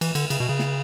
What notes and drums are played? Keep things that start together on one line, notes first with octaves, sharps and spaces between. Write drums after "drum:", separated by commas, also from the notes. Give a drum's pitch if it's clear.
E3, drum: cymbal
D3, drum: cymbal
C#3, drum: cymbal
B2
C#3
drum: snare